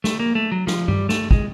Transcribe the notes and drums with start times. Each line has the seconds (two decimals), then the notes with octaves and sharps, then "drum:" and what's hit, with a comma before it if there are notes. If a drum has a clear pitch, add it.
0.04 A3, drum: snare
0.19 A#3
0.35 A3
0.52 F#3
0.67 F3, drum: snare
0.88 G3, drum: tom G2
1.09 A3, drum: snare
1.31 G#3, drum: kick